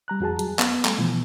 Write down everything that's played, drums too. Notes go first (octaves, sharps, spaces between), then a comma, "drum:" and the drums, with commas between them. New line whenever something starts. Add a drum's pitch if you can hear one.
G3 A#5 F#6
F2 F#4 G#4 A5
F#3, drum: hi-hat
B3, drum: clap
G3 A3, drum: clap
B2 E3 F3 B3